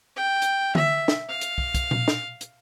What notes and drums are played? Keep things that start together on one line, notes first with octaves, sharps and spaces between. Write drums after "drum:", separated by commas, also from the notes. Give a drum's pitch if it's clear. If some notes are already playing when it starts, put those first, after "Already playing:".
G5
drum: hi-hat
E5, drum: tom D3
drum: snare
F5
drum: hi-hat
drum: kick
drum: kick, hi-hat
drum: tom A#2
drum: snare
drum: hi-hat